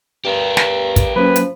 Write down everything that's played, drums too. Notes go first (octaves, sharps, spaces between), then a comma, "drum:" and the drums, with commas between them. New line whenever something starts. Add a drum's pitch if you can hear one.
G2 G4 A#4
drum: snare
drum: kick, hi-hat
F3 F#3 A#3 C#4 B4
drum: hi-hat